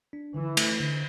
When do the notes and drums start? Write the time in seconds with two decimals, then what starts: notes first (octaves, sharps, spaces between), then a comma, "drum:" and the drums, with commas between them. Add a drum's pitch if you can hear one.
0.13 D4
0.34 D3 E3
0.57 A3, drum: cymbal
0.80 D3